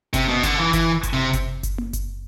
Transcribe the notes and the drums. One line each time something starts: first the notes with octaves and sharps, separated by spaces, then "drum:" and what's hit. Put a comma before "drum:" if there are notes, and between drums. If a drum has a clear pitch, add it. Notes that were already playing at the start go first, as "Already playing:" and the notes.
C3, drum: kick F#1, hi-hat
B2
D3, drum: kick F#1, hi-hat
E3
E3, drum: kick F#1, hi-hat
drum: kick F#1, hi-hat
C3
drum: kick F#1, hi-hat
drum: kick F#1, hi-hat
drum: tom A#3
drum: kick F#1, hi-hat